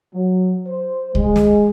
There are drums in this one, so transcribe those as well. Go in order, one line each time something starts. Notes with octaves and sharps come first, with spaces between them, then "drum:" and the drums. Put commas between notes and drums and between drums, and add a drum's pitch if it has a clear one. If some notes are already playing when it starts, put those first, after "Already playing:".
F#3
C5
G#3, drum: kick C2
drum: snare